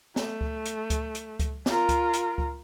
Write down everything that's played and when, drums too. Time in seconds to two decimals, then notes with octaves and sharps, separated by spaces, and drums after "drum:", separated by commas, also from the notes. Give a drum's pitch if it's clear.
0.16 A3, drum: snare
0.41 drum: kick C#2
0.66 drum: hi-hat
0.90 drum: kick C#2, hi-hat
1.15 drum: hi-hat
1.40 drum: kick C#2, hi-hat
1.66 F4 A#4, drum: snare
1.89 drum: kick C#2, hi-hat
2.13 drum: hi-hat
2.38 drum: kick C#2